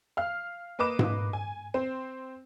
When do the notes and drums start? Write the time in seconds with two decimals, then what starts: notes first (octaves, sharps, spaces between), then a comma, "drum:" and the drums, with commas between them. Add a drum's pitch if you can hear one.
0.17 F5 F6
0.79 A#3 B4 D#5 D6 E7
0.99 drum: tom G#2
1.33 G#5
1.74 C4 C5